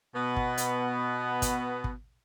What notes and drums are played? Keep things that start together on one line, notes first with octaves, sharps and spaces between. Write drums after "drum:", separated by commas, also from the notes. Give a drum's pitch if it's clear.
B2 B3
drum: kick
drum: hi-hat
drum: kick, hi-hat
drum: kick